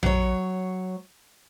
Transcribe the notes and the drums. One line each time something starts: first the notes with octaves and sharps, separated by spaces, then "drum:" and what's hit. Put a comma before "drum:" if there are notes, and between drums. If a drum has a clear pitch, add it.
F#3 C#5, drum: tom A#1